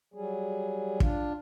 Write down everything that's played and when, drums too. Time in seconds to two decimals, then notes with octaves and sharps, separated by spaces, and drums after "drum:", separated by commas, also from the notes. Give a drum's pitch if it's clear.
0.14 F#3 G3 G#4
1.00 D4 F4, drum: kick